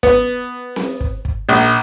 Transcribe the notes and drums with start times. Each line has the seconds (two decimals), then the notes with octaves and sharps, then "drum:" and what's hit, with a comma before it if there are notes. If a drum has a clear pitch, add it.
0.03 B3, drum: kick
0.76 drum: snare C4
1.01 drum: kick
1.25 drum: kick
1.49 A#1